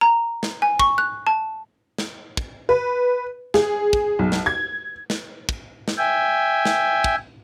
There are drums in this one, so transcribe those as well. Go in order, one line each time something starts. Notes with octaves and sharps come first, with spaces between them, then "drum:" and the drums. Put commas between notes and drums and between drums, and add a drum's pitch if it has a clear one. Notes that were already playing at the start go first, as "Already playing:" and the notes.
A#5
drum: snare
G#5
C#6, drum: kick
F#6
A5
drum: snare
drum: kick
B4
G#4, drum: snare
drum: kick
B1
drum: snare
G#6
drum: snare
drum: kick
drum: snare
E5 G5 G#5
drum: snare
drum: kick